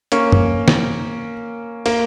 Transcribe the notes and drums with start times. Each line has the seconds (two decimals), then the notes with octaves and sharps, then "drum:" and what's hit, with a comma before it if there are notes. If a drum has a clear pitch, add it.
0.12 A#3 C#4, drum: hi-hat
0.32 drum: tom
0.68 drum: snare
1.86 A#3, drum: cymbal